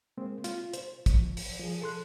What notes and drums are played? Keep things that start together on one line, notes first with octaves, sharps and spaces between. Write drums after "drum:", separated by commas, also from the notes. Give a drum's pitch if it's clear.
G#3 A#3 C4
F4, drum: hi-hat
C5, drum: hi-hat
F3, drum: kick, hi-hat
drum: open hi-hat
F3 G#4
A4 C6 F#6